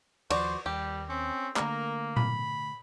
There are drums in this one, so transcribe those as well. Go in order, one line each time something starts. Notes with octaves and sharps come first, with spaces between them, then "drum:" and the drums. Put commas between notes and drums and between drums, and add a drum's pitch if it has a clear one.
D#2 F3 F#4 C5 D5, drum: cymbal
D#2 G3 G4
C4 C#4
D3 A3 A#3 A#4, drum: clap
B5, drum: tom A#2